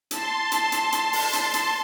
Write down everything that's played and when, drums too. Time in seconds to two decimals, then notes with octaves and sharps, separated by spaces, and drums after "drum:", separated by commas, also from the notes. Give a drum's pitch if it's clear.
0.11 A5 C6, drum: hi-hat
0.52 drum: hi-hat
0.72 drum: hi-hat
0.92 drum: hi-hat
1.13 drum: open hi-hat
1.33 drum: hi-hat
1.54 drum: hi-hat